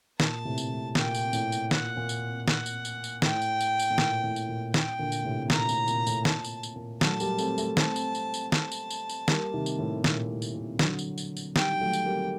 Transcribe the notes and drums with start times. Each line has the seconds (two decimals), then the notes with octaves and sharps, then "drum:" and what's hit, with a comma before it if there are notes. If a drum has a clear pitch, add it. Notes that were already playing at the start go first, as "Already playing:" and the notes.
0.20 A#2 A5, drum: snare
0.45 A2 C3
0.58 drum: tambourine
0.70 A2
0.95 A#2 G5, drum: snare
1.14 drum: tambourine
1.33 A2, drum: tambourine
1.52 drum: tambourine
1.71 A#2 F#5, drum: snare
1.97 A#2
2.09 drum: tambourine
2.48 F#5, drum: snare
2.66 drum: tambourine
2.85 drum: tambourine
3.04 drum: tambourine
3.22 A2 G5, drum: snare
3.42 drum: tambourine
3.61 drum: tambourine
3.79 drum: tambourine
3.91 A2
3.98 A#2, drum: snare
4.24 A2
4.36 drum: tambourine
4.49 A#2
4.74 G5, drum: snare
4.99 A#2 D3
5.12 drum: tambourine
5.25 A2 C3
5.50 A#2 A#5, drum: snare
5.69 A2, drum: tambourine
5.88 A#2, drum: tambourine
6.07 A2, drum: tambourine
6.25 A#2 A5, drum: snare
6.44 drum: tambourine
6.63 drum: tambourine
6.76 A#2
7.01 F#3 A3 A5, drum: snare
7.20 G3 A#3, drum: tambourine
7.38 A3 C4, drum: tambourine
7.58 A3 C4, drum: tambourine
7.77 A3 C4 A5, drum: snare
7.96 drum: tambourine
8.15 drum: tambourine
8.34 drum: tambourine
8.52 A5, drum: snare
8.72 drum: tambourine
8.90 drum: tambourine
9.09 drum: tambourine
9.28 G3 A#3, drum: snare
9.54 C3 D#3
9.66 drum: tambourine
9.79 A2 C3
10.04 A#2, drum: snare
10.29 A2
10.42 drum: tambourine
10.55 A#2
10.79 D3 F#3, drum: snare
10.99 drum: tambourine
11.18 drum: tambourine
11.37 drum: tambourine
11.56 D#3 G3 G5, drum: snare
11.81 F#3 A3
11.93 drum: tambourine
12.06 G3 A#3